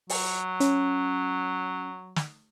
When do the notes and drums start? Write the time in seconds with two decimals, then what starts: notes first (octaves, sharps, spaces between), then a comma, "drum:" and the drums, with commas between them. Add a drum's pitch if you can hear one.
0.09 F#3, drum: open hi-hat
0.60 C#4, drum: hi-hat
2.16 drum: snare